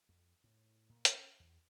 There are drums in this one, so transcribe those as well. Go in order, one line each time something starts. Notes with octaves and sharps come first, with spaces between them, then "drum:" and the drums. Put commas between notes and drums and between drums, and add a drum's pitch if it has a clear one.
F2
A2
A#2
C#4, drum: hi-hat
E2